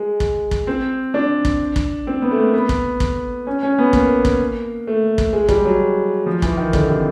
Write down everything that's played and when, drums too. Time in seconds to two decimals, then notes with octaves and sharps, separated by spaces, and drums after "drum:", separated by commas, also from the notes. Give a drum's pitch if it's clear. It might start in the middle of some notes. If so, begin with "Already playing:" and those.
Already playing: G#3
0.20 drum: kick
0.51 drum: kick
0.67 C4
1.14 D4
1.45 drum: kick
1.76 drum: kick
2.07 C4
2.22 B3
2.31 A3
2.38 A#3
2.54 B3
2.69 drum: kick
3.00 drum: kick
3.47 C#4
3.63 C#4
3.79 B3
3.93 A#3, drum: kick
4.25 drum: kick
4.87 A3
5.18 drum: kick
5.33 G#3
5.49 G3, drum: kick
5.65 F#3
6.26 F3
6.42 E3, drum: kick
6.57 D#3
6.73 D3, drum: kick
6.89 C3